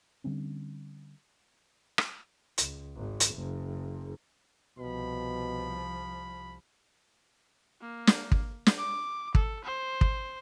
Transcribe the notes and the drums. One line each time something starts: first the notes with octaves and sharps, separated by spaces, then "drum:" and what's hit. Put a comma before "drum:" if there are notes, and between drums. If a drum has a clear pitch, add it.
D3 G3 C4 C#4
drum: rim click
C#2, drum: hi-hat
G#1
drum: hi-hat
F#1
C2 B2 F3 B5
A#3
drum: snare
drum: kick
drum: snare
D6
A4, drum: kick
C5
drum: kick